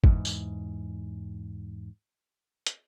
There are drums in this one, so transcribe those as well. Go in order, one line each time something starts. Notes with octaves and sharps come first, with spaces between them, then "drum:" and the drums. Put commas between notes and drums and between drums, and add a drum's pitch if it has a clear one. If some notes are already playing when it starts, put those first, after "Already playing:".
E2 G#2, drum: kick G1
drum: tambourine
drum: hi-hat